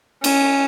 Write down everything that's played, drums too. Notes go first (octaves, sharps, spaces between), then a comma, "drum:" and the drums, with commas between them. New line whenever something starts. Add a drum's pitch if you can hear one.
C#4, drum: cymbal